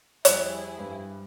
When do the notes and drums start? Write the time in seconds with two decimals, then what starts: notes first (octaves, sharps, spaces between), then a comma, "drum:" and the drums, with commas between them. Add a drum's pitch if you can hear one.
0.25 F2 G3 E4 G4 G#4 C5 G5, drum: hi-hat
0.78 G2